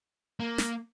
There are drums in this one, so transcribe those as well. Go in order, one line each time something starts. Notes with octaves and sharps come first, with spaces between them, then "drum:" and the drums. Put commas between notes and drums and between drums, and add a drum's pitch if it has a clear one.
A#3
drum: snare